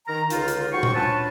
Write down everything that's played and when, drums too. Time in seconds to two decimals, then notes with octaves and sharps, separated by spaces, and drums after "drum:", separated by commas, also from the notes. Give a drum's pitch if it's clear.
0.07 D#3 A#5
0.30 C#2 D3 D#4 F4, drum: hi-hat
0.48 drum: hi-hat
0.72 F#3 C5 G5 C#6
0.83 drum: tom A#2
0.94 C#4 D4 F4 B4 A5